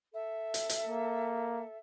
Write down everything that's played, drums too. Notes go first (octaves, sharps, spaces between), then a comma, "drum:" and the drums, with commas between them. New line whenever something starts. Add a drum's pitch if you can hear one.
A4 E5
drum: hi-hat
drum: hi-hat
A#3